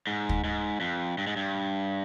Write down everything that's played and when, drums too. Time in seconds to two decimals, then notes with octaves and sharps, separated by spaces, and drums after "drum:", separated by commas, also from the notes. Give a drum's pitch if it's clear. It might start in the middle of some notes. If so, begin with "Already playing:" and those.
0.07 G#2
0.29 drum: kick
0.44 G#2
0.81 F2
1.18 G2
1.27 G#2
1.36 G2